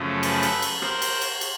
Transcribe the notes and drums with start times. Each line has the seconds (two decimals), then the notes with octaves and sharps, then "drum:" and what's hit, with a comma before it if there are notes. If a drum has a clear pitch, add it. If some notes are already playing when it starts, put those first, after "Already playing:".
Already playing: F#2 C#3 F3 A3
0.23 A4 B4, drum: cymbal
0.43 drum: cymbal
0.62 drum: cymbal
0.82 A#4 C5, drum: rim click
1.02 drum: cymbal
1.21 drum: cymbal
1.41 drum: cymbal